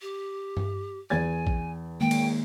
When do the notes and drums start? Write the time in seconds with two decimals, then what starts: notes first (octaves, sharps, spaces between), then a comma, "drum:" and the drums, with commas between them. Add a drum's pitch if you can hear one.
0.02 G4
0.57 drum: tom G2
1.10 E2 G#5 G#6 A6
1.47 drum: kick A#1
2.01 D#3 G#3 A#3 G5
2.11 drum: cymbal